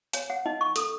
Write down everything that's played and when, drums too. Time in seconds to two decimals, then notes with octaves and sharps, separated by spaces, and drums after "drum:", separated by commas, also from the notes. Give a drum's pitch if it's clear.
0.13 C#5 G#5, drum: hi-hat
0.30 F#5
0.46 D#4 D#5
0.61 C#6
0.76 A4 D#6, drum: hi-hat